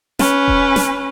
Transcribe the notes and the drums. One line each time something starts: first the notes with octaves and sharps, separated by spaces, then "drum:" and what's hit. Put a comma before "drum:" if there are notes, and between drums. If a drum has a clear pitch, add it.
C#4 B4, drum: snare
drum: kick E1
drum: snare